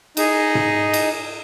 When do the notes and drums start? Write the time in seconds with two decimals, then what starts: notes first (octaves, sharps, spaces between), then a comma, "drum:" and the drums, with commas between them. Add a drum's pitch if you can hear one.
0.17 D#4 G#4 D#5, drum: cymbal
0.55 drum: tom G#2
0.94 drum: cymbal